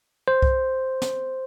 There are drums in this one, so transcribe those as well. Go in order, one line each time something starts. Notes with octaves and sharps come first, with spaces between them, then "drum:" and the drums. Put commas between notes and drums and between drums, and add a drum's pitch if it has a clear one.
C5
drum: kick C2
drum: snare